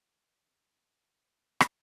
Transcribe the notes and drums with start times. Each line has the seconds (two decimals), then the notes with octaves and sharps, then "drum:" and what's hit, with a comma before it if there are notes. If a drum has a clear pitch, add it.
0.04 G#3 A3 B3 C4
1.61 drum: rim click